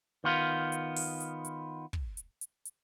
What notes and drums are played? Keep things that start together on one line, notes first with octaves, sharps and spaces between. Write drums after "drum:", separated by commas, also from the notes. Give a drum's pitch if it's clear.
D#3 B3 F4
drum: hi-hat
drum: open hi-hat
drum: hi-hat
drum: hi-hat
drum: kick
drum: hi-hat
drum: hi-hat
drum: hi-hat